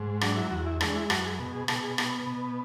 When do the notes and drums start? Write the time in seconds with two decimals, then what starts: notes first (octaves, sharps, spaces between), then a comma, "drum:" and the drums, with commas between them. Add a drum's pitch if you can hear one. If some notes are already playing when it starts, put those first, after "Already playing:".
Already playing: G#2
0.21 F#3 D4, drum: rim click
0.36 E4
0.51 E2 F#4
0.66 E4
0.81 G#3 D4, drum: rim click
0.95 E4
1.10 F#2 F#4, drum: rim click
1.25 G#4
1.39 B2
1.53 G#4
1.68 B2 A4, drum: rim click
1.83 G#4
1.98 B3, drum: rim click
2.27 B2